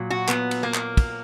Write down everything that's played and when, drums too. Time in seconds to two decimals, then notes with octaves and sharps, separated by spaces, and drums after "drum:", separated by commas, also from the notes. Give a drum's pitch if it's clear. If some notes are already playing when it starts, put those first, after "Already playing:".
Already playing: A#2 F#3
0.10 F#4
0.28 B3, drum: clap
0.51 drum: cymbal
0.63 A#3
0.74 drum: clap
0.97 drum: kick, cymbal